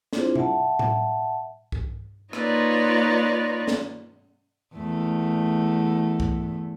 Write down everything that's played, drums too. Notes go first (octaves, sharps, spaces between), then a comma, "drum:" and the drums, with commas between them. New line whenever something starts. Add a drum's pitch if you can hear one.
C4 D4 E4 F4 G#4 C5, drum: snare
E5 F#5 A5, drum: tom B2
drum: tom A2
drum: kick
A#3 D#4 F4 B4 C#5 D5, drum: rim click
drum: snare
E2 A3
drum: kick